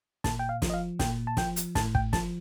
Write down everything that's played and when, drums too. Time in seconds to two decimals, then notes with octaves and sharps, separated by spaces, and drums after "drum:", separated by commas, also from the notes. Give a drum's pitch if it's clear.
0.24 A#2 A5, drum: snare
0.39 G5
0.49 F5
0.62 F3, drum: snare
0.70 D#5
0.74 F5
0.99 A#2 G5, drum: snare
1.27 A5
1.37 F3 G5, drum: snare
1.56 drum: hi-hat
1.75 A2 A5, drum: snare
1.95 G5, drum: kick
2.13 F3 A5, drum: snare